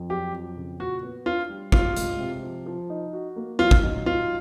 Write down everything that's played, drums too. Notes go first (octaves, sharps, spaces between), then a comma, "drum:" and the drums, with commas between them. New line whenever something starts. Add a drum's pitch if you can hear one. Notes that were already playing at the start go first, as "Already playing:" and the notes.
Already playing: F2
F#3 G4
F2
C#3
A#2 F#4
B3
D4 F4
G3
C3 F4, drum: kick
G#3, drum: hi-hat
C3
F3
F3
D#4
F#4
A#3
F#3 F4
drum: kick
D#4
F#3 F4